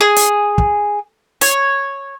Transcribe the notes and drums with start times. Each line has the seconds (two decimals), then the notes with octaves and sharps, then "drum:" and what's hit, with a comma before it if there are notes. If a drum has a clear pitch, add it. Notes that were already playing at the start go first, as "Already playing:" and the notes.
0.01 G#4
0.16 drum: hi-hat
0.58 drum: kick
1.41 C#5, drum: hi-hat